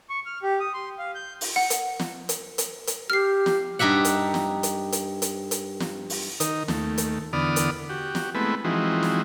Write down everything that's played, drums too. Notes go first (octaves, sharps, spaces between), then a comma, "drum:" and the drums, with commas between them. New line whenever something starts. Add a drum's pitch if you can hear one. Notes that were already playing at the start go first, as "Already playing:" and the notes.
C#6
F6
G4
D#6
C6
F5
G6
drum: open hi-hat
F#5
drum: hi-hat
drum: snare
drum: hi-hat
drum: hi-hat
drum: hi-hat
G4 F6 C7
drum: snare
G2 D#4 G4 E5 F#5
drum: hi-hat
drum: snare
drum: hi-hat
drum: hi-hat
drum: hi-hat
drum: hi-hat
drum: snare
drum: open hi-hat
D#3 D#4, drum: hi-hat
D#2 A3, drum: snare
drum: hi-hat
E2 D3 B3 D5 D#6 F6
drum: hi-hat
F#4 G4
drum: snare
G#3 A3 B3 C4 E4 B4
E3 F3 G#3 C4 D#4 F#4
drum: snare